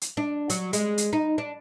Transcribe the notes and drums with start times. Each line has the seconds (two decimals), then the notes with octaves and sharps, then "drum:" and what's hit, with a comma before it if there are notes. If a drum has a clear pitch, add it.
0.01 drum: hi-hat
0.17 D4
0.50 F#3, drum: hi-hat
0.73 G#3, drum: hi-hat
0.98 drum: hi-hat
1.13 D#4
1.38 D4